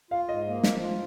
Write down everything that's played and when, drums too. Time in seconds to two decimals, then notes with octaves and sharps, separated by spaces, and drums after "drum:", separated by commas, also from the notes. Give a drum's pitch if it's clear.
0.11 F4 F5
0.28 G#2 D#5
0.47 A#3
0.63 F3, drum: snare
0.81 F4